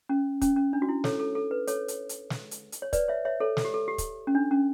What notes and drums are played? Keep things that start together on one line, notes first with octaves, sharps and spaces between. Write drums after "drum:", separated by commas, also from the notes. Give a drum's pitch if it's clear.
C#4
C#4, drum: kick, hi-hat
C#4
D4
F#4
E4
A4 C#5, drum: snare
A4
A4
B4
A4 C#5, drum: hi-hat
drum: hi-hat
drum: hi-hat
drum: snare
drum: hi-hat
drum: hi-hat
C#5
B4 D5, drum: kick, hi-hat
C#5 E5
C#5 E5
A4 C#5
A4, drum: snare
G4
A4
G4
drum: kick, hi-hat
C#4
D4
C#4